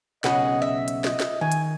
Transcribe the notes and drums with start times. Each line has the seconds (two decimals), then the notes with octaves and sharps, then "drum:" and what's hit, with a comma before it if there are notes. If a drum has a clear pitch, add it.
0.24 B1 C#3 G#4 D#5 F#5 B5, drum: snare
0.62 E5
0.88 drum: hi-hat
1.04 D#5, drum: snare
1.20 drum: snare
1.41 D#3 G#5
1.52 drum: hi-hat